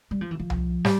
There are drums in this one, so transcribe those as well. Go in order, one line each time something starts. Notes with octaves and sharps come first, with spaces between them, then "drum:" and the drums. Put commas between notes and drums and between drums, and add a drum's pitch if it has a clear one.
G3
F3
E3
F3
drum: tom C2
G3, drum: snare